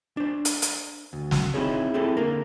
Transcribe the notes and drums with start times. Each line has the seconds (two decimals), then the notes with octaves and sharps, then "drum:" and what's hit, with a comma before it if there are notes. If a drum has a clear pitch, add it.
0.17 D4 C5
0.45 drum: hi-hat
0.62 drum: hi-hat
1.13 D2
1.31 drum: snare
1.54 C4 C#4 D#4 E4 G#4 C#5
1.94 C4 E4 G#4 A4
2.17 D3 A#3 A#4